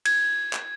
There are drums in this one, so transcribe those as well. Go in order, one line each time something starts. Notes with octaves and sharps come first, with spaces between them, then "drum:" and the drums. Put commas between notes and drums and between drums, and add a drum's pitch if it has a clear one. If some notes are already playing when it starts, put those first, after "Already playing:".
G#6, drum: cymbal
drum: clap